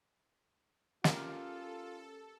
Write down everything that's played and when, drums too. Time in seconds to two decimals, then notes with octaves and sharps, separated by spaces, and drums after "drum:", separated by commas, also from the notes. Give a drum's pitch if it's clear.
1.04 C#4 F4 G4 A4 A#4, drum: snare